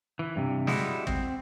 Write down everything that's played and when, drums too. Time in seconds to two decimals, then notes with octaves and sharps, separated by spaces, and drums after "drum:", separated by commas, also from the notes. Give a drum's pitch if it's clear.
0.19 E3
0.36 G2 C3
0.67 G3 G#3 E4 F#4, drum: snare
1.07 C4, drum: kick